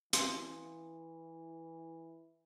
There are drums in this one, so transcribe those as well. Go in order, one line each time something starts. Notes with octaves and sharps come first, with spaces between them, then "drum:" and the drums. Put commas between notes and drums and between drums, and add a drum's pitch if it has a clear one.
E3 F5 C6 D#6, drum: hi-hat